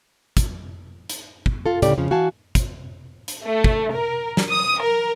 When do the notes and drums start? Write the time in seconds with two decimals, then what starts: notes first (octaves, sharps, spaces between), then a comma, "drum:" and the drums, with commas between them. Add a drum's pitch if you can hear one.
0.37 drum: kick, hi-hat
1.09 drum: hi-hat
1.46 drum: kick
1.66 F4 A4
1.82 D2 A2 C#3 G4 D5, drum: hi-hat
1.98 F2 C#3 F3
2.11 E3 F#4 F5 G#5 A5
2.55 drum: kick, hi-hat
3.28 drum: hi-hat
3.45 A3
3.64 drum: kick
3.94 A#4
4.37 drum: snare
4.50 D#6
4.81 A#4